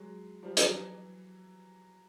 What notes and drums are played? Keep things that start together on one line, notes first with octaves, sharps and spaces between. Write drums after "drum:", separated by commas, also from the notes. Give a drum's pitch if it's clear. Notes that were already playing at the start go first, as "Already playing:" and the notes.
Already playing: F#3 G#3
F3 G3
E3 F#3, drum: hi-hat
E3 F#3